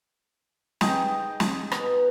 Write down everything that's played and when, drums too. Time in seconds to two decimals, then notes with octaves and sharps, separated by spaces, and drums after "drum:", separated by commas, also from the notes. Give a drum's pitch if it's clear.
0.81 D#4 G#4 D#5 G5, drum: snare
1.40 drum: snare
1.72 B2, drum: rim click